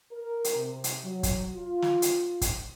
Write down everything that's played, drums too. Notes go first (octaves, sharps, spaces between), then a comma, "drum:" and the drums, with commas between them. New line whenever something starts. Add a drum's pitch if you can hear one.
A#4
drum: hi-hat
C3
drum: hi-hat
F#3
drum: kick, hi-hat
F4
drum: snare
drum: hi-hat
drum: kick, hi-hat